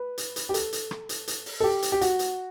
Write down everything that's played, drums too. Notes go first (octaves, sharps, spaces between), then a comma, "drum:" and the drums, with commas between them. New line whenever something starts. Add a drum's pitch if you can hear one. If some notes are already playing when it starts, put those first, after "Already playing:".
Already playing: B4
drum: hi-hat
drum: hi-hat
G4
A4, drum: hi-hat
drum: hi-hat
drum: rim click
drum: hi-hat
drum: hi-hat
drum: open hi-hat
A4
G4
drum: hi-hat
G4
F#4, drum: hi-hat
drum: hi-hat